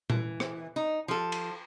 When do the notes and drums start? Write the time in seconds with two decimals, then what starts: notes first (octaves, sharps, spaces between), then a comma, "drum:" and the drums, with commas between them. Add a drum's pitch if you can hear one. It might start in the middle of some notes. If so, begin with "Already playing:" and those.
0.10 E3, drum: tom A#2
0.40 drum: rim click
0.76 D#4
1.08 F3 A4
1.32 drum: cymbal